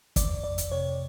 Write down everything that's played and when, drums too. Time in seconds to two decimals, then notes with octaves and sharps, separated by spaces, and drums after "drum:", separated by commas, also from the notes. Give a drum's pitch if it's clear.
0.16 F2 D5, drum: kick, hi-hat
0.44 F2 D5
0.58 drum: hi-hat
0.72 C3 C#5